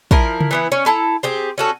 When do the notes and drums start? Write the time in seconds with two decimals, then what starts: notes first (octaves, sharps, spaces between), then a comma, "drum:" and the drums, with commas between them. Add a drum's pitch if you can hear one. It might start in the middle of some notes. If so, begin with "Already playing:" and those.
0.11 F3 E4 A#4, drum: kick
0.41 drum: tom C#3
0.51 E3 B3 E4
0.72 C#4
0.86 E4 A4 A5 A#5
1.23 C4 G4 G#4
1.58 C#4 F#4 A4